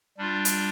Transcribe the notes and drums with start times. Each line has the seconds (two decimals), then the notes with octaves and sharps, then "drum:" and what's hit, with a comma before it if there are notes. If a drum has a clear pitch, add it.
0.18 G3 D4 F4
0.45 drum: hi-hat